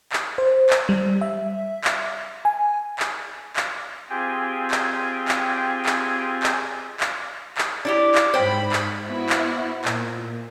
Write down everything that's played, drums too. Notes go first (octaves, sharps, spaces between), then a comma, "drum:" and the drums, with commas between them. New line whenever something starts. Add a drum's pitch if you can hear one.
drum: clap
C5
drum: clap
G3
E5
drum: clap
G#5
drum: clap
drum: clap
C4 F4 G4 G#4 G5 G#5
drum: clap
drum: clap
drum: clap
drum: clap
drum: clap
drum: clap
D4 E4 G4
drum: clap
G#2 C5 G5 B5
drum: clap
B3 E4 F#4
drum: clap
A#2, drum: clap